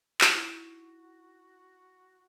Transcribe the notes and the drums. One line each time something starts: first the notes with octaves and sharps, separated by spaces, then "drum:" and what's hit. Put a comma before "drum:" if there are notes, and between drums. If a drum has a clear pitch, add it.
D#4 E4 F#4, drum: clap